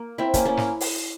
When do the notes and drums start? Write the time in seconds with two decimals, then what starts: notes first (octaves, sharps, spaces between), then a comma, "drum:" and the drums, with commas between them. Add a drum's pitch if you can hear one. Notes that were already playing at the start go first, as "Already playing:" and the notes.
Already playing: A#3
0.18 C4 E4
0.34 A#3 C#4, drum: kick, hi-hat
0.45 A#3 C#4
0.57 drum: snare
0.81 drum: open hi-hat